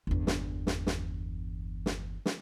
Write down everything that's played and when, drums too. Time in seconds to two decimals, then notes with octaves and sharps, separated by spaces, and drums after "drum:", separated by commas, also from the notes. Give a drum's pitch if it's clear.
0.07 G1 E2
0.27 drum: snare
0.67 drum: snare
0.87 drum: snare
1.86 drum: snare
2.26 drum: snare